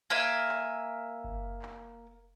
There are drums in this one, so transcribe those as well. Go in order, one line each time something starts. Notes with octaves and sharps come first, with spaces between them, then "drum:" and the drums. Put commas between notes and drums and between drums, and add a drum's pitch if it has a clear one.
A#3 E5 G#5
drum: clap
drum: kick F#1
drum: clap